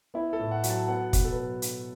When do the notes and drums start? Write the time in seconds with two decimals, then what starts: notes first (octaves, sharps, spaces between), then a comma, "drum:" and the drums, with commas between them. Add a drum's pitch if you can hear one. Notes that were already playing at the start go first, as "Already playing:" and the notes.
0.14 B3 E4
0.33 A4
0.39 A2
0.51 F#5
0.63 F#3, drum: hi-hat
0.70 A5
0.88 B3 F#5
1.13 B2, drum: kick, hi-hat
1.25 A4
1.32 B4
1.38 F#3 A4
1.62 drum: hi-hat